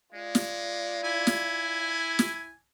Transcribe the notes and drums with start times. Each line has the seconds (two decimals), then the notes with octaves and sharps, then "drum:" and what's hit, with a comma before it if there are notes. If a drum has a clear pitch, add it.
0.14 G#3 F4 D5
0.35 drum: snare
1.04 E4 G#5
1.27 drum: snare
2.19 drum: snare